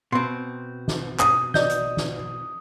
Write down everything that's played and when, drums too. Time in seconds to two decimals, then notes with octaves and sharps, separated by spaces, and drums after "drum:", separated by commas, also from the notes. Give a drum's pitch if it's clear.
0.12 B2 C4 C6
0.88 drum: snare
1.20 D#6, drum: clap
1.54 D5 D#5 G6, drum: snare
1.70 drum: hi-hat
1.97 drum: snare